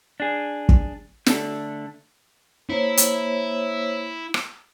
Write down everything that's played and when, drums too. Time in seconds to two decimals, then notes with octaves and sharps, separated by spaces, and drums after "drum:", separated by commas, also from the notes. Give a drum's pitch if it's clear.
0.20 D4 G#4
0.69 drum: kick
1.26 D3 A3 D4 A4, drum: snare
2.70 A#3 E4 C5 C#5
2.97 drum: hi-hat
4.34 drum: rim click